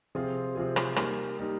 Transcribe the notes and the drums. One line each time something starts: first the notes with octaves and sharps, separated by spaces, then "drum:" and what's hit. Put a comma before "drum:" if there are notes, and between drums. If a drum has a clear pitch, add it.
C3 F3 C4 F4 G#4
C3 F3 C4 F4 G#4
drum: rim click
G3 A#3 D#4 A#4, drum: rim click
G3 A#3 D#4 A#4